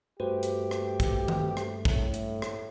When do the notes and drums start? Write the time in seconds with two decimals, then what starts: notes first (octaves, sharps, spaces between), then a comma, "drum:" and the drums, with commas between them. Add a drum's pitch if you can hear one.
0.20 G2 A3 F#4 G4 B4 C5
0.43 drum: hi-hat
0.71 drum: rim click
1.00 drum: kick, hi-hat
1.28 drum: tom D#3
1.57 drum: rim click
1.85 A2, drum: kick
2.14 drum: hi-hat
2.42 drum: rim click